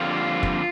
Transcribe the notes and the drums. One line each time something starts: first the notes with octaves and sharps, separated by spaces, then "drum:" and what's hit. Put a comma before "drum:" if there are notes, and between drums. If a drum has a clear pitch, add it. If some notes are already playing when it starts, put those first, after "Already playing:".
Already playing: F2 D3 G3 A#3 F4
drum: kick